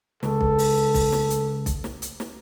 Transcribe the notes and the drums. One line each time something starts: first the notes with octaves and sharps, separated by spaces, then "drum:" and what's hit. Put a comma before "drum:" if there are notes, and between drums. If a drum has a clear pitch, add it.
C#2 A4, drum: snare
drum: kick B1
drum: open hi-hat
drum: kick B1, open hi-hat
drum: snare
drum: hi-hat
drum: kick B1, hi-hat
drum: snare
drum: hi-hat
drum: snare